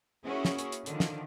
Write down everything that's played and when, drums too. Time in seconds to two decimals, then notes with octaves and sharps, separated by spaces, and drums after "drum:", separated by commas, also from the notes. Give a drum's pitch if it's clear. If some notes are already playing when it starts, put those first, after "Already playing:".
0.25 A#3 C#4 E4 F#4 G#4
0.45 drum: snare
0.59 drum: hi-hat
0.72 drum: hi-hat
0.86 D3 D#3 F3, drum: hi-hat
1.00 drum: snare